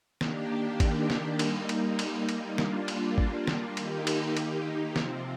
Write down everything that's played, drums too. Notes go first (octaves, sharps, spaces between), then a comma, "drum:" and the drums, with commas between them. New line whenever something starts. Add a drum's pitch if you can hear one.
D#3 A#3 D4 G4, drum: snare
drum: kick G#1, cymbal
drum: snare
G3 A#3 D#4, drum: cymbal
drum: cymbal
drum: cymbal
drum: cymbal
G3 A#3 D4 F4, drum: snare
drum: cymbal
drum: kick G#1
drum: snare
D#3 A#3 D#4 G4, drum: cymbal
drum: cymbal
drum: cymbal
C3 F3 C4, drum: snare